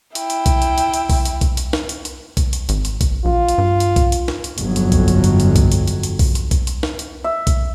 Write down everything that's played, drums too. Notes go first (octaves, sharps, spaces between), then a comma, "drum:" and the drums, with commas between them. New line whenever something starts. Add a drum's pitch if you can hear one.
E4 G5, drum: hi-hat
drum: hi-hat
drum: kick B1, hi-hat
drum: hi-hat
drum: hi-hat
drum: hi-hat
drum: kick B1, open hi-hat
drum: hi-hat
drum: kick B1, hi-hat
drum: hi-hat
drum: snare
drum: hi-hat
drum: hi-hat
drum: kick B1, hi-hat
drum: hi-hat
G#1, drum: hi-hat
drum: hi-hat
drum: kick B1, hi-hat
A#1 F4
drum: hi-hat
G2
drum: hi-hat
drum: kick B1, hi-hat
drum: hi-hat
drum: snare
drum: hi-hat
G1 F2 F#3, drum: hi-hat
drum: hi-hat
drum: kick B1, hi-hat
drum: hi-hat
drum: hi-hat
drum: hi-hat
drum: kick B1, hi-hat
drum: hi-hat
drum: hi-hat
drum: hi-hat
drum: kick B1, open hi-hat
drum: hi-hat
drum: kick B1, hi-hat
drum: hi-hat
drum: snare
drum: hi-hat
E5
drum: kick B1, hi-hat